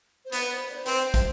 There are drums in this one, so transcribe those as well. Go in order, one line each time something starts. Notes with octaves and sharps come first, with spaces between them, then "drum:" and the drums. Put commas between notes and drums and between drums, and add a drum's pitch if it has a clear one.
C5
B3 B4, drum: hi-hat
C5
D5
C5
C4 B4, drum: hi-hat
C5
drum: kick, hi-hat